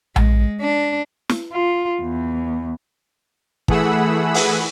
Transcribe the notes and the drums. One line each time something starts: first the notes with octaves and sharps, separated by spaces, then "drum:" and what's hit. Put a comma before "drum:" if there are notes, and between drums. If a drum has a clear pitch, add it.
G#3, drum: tom A#1
D4
drum: snare
F4
E2
E3 A3 G#4 F#5 B5 E6, drum: kick
drum: open hi-hat